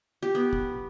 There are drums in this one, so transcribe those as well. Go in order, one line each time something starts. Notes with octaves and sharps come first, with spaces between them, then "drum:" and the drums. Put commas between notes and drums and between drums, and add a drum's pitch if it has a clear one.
G4
B3
drum: kick